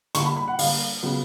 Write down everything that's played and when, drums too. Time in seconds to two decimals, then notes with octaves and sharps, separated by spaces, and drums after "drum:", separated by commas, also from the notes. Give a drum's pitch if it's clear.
0.15 D3 G3 A#3 C#6, drum: hi-hat
0.26 B5
0.36 B5
0.48 F#5
0.59 D3 G3 A#3 F5, drum: open hi-hat
1.03 C#3 F#3 B3